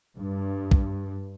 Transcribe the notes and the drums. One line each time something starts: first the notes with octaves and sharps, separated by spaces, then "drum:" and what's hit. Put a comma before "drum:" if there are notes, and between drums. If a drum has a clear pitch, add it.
G2
drum: kick